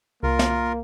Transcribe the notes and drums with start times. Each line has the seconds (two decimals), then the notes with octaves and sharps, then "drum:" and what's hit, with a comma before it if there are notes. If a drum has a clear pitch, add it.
0.23 C2 A#3 F4 A#4
0.39 drum: snare